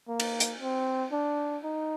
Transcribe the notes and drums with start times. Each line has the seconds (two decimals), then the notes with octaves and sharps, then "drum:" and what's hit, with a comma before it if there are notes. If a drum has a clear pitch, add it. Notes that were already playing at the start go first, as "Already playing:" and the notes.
0.08 A#3
0.20 drum: cymbal
0.40 drum: hi-hat
0.60 C4
1.12 D4
1.64 D#4